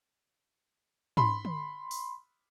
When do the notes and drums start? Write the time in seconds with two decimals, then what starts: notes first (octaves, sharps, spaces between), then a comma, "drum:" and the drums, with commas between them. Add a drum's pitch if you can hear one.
1.17 B5 C6, drum: tom G#2
1.45 drum: tom
1.91 drum: open hi-hat